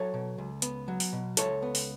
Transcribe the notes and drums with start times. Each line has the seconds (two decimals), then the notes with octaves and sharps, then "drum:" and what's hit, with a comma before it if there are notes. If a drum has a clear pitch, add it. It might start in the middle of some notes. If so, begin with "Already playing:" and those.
Already playing: F#3 A4 C#5
0.14 B2
0.38 C#2
0.62 B3, drum: hi-hat
0.88 F#3
1.00 drum: open hi-hat
1.13 B2
1.37 C#2 A4 C#5, drum: hi-hat
1.62 B3
1.75 drum: open hi-hat